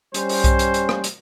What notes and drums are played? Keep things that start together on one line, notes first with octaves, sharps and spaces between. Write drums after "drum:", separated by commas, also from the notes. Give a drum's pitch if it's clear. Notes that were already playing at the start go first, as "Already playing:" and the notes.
G3 C#4 C5, drum: hi-hat
drum: open hi-hat
drum: kick B1, hi-hat
drum: hi-hat
drum: hi-hat
drum: rim click
drum: hi-hat